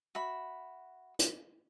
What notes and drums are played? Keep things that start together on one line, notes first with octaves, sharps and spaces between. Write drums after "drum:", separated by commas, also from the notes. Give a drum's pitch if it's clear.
F#4 E5 B5
drum: hi-hat